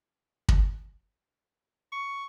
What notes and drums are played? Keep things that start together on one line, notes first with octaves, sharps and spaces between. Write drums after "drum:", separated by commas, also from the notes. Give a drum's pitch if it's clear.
drum: kick
C#6